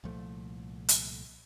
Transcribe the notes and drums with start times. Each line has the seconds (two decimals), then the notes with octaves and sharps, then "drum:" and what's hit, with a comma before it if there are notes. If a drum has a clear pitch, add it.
0.04 C2 A#2 F3 A3
0.89 drum: hi-hat